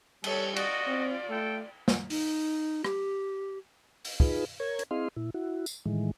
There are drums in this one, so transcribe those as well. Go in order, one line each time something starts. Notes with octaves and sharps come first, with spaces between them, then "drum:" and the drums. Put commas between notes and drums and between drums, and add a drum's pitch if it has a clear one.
G3 A4 C#5, drum: cymbal
F4 F#4 D5 D#5, drum: cymbal
C4
A3 A4 G5
drum: snare
D#4, drum: open hi-hat
G4, drum: rim click
drum: open hi-hat
D#4 F4 G#4 B4, drum: kick
A#4 C#5 G#6
drum: hi-hat
C4 E4 G#4 D#5 F5 C6
A#2 E4
E4 F#4
drum: tambourine
A2 D#3 E3 G#3